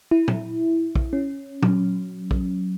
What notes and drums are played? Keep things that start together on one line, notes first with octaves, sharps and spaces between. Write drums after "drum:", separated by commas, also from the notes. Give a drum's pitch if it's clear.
E4
drum: tom A#2
drum: kick A#1
C#4
F#3, drum: tom A#2
drum: kick A#1